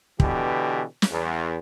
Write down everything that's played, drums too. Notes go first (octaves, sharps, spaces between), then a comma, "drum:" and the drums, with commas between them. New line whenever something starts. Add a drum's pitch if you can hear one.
B2 D3 E3 G4, drum: kick
drum: snare
E2